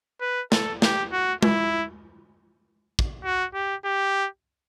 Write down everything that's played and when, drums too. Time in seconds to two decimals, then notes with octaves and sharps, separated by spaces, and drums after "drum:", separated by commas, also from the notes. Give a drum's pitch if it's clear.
0.21 B4
0.52 A4, drum: snare
0.82 G4, drum: snare
1.12 F#4
1.43 E4, drum: tom G#3
2.99 drum: kick
3.25 F#4
3.54 G4
3.85 G4